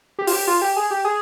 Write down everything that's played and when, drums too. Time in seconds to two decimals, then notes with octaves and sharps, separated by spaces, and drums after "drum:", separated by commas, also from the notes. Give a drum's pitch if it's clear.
0.19 G4
0.27 F4, drum: open hi-hat
0.33 G4
0.47 F4
0.62 G4
0.76 G#4
0.91 G4
1.05 G#4